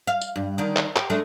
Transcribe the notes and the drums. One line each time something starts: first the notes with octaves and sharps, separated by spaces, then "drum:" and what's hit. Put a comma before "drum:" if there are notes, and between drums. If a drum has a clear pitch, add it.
F5
drum: tambourine
G2
D3 D#3
drum: clap
G4, drum: clap
G#3 A3 D4